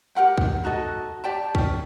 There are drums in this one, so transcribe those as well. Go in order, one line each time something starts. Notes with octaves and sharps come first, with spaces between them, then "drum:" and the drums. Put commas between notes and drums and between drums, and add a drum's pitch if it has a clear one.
G4 A#4 F#5 G5
drum: kick
D#4 F#4 A4 D#5
G4 D5 G5 A5
C#4, drum: kick